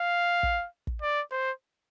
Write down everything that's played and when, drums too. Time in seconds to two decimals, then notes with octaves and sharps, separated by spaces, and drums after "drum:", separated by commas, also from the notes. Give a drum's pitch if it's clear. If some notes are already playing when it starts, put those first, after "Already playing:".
Already playing: F5
0.43 drum: kick
0.87 drum: kick
1.02 D5
1.31 C5